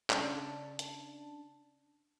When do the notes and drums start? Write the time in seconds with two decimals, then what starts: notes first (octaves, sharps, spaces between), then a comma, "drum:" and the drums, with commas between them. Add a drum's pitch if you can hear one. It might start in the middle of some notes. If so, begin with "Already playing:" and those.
0.10 C#3 D4 A5, drum: clap
0.79 drum: hi-hat